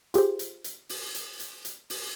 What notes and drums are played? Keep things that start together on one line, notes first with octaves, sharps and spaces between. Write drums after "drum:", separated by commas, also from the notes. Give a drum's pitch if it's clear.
F4 G4 G#4 C5, drum: hi-hat
drum: hi-hat
drum: hi-hat
drum: open hi-hat
drum: hi-hat
drum: hi-hat
drum: hi-hat
drum: open hi-hat